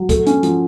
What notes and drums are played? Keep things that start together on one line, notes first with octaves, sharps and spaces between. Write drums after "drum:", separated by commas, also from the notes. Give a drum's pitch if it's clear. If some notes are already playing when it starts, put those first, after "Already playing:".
Already playing: F#3
A3, drum: kick, hi-hat
C#4, drum: hi-hat
F3, drum: hi-hat